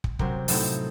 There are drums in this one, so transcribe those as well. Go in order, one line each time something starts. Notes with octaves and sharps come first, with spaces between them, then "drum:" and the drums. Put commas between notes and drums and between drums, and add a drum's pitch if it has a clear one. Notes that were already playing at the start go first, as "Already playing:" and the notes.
drum: kick
C3 F#3 C4 A#4, drum: kick
A2 F#3 C4 D#4 A4, drum: open hi-hat